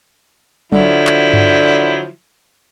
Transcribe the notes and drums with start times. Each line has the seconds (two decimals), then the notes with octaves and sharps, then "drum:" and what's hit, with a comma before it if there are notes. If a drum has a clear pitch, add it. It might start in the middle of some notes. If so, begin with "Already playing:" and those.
0.72 D3 F3 F#3 E4, drum: tom F#3
1.07 drum: clap
1.34 drum: tom G2